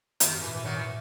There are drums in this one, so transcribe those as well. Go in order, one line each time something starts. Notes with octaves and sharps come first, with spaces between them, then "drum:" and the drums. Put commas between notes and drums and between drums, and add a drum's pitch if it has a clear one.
F#2 D#3, drum: hi-hat
G#2
A#2 E3
E3
D#3 F#3
E3